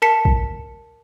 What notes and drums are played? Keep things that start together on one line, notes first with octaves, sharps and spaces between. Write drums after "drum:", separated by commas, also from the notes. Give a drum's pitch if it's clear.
A#4 A5 B6 C#7
drum: kick